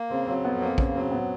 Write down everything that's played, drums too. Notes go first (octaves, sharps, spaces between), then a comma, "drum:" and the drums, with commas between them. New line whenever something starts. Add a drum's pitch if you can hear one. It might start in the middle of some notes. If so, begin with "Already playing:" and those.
Already playing: A#3
C#3 C4
F#3 C4
F2 B3
A#3 C4
C#3 C#4, drum: kick
F#3 C4
B3